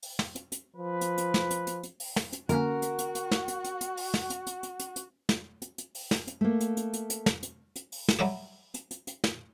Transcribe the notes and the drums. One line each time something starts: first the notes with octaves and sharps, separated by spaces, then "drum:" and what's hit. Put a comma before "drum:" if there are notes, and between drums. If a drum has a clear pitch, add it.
drum: open hi-hat
drum: snare
drum: hi-hat
drum: hi-hat
F3 B4
drum: hi-hat
drum: hi-hat
drum: snare
drum: hi-hat
drum: hi-hat
drum: hi-hat
drum: open hi-hat
drum: snare
drum: hi-hat
D3 A#3 C#4 F#4 A#4 F#5, drum: hi-hat
drum: hi-hat
drum: hi-hat
drum: hi-hat
drum: snare
drum: hi-hat
drum: hi-hat
drum: hi-hat
drum: open hi-hat
drum: snare
drum: hi-hat
drum: hi-hat
drum: hi-hat
drum: hi-hat
drum: hi-hat
drum: snare
drum: hi-hat
drum: hi-hat
drum: open hi-hat
drum: snare
drum: hi-hat
A3 A#3
drum: hi-hat
drum: hi-hat
drum: hi-hat
drum: hi-hat
drum: snare
drum: hi-hat
drum: hi-hat
drum: open hi-hat
drum: snare
F#3 G3 E4 G4
drum: hi-hat
drum: hi-hat
drum: hi-hat
drum: snare